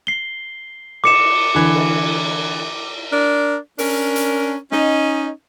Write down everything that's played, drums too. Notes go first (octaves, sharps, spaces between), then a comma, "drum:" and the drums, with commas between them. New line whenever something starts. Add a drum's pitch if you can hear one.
C7 G7
D6 C#7 E7, drum: cymbal
D3 E3
drum: cymbal
D4 A#4 D5
C#4 D4 A#4, drum: open hi-hat
drum: hi-hat
C#4 D#4, drum: snare